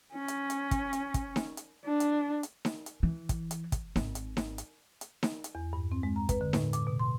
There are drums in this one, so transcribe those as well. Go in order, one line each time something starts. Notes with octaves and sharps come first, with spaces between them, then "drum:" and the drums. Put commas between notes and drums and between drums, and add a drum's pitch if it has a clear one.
C#4
drum: hi-hat
drum: hi-hat
drum: kick, hi-hat
drum: hi-hat
drum: kick, hi-hat
drum: snare D#4
drum: hi-hat
D4
drum: hi-hat
drum: hi-hat
drum: snare D#4
drum: hi-hat
E3
drum: kick, hi-hat
drum: hi-hat
drum: kick, hi-hat
G#1, drum: snare D#4
drum: hi-hat
drum: snare D#4
drum: hi-hat
drum: hi-hat
drum: snare D#4
drum: hi-hat
E2
G2
C4
G#3
A#5
B4, drum: kick, hi-hat
D3
A2, drum: snare D#4
D6, drum: hi-hat
B2
C6